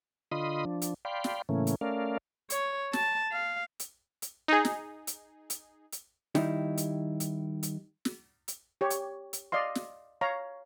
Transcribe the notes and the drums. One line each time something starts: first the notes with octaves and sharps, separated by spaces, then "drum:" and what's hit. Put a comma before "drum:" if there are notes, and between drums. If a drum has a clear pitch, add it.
D3 F4 D#5 B5 C6 D#6
F3 D4
drum: hi-hat
D5 F5 G5 B5 C6
drum: snare
A2 C#3 E3 A3 A#3 C#4
drum: hi-hat
A3 C#4 A#4 D5 F5
C#5, drum: hi-hat
A5, drum: snare
F5
drum: hi-hat
drum: hi-hat
D#4 G#4
drum: snare
drum: hi-hat
drum: hi-hat
drum: hi-hat
D#3 G3 D#4 E4, drum: snare
drum: hi-hat
drum: hi-hat
drum: hi-hat
drum: snare
drum: hi-hat
G4 C#5
drum: hi-hat
drum: hi-hat
D5 D#5 F5 C6
drum: snare
C#5 F5 A#5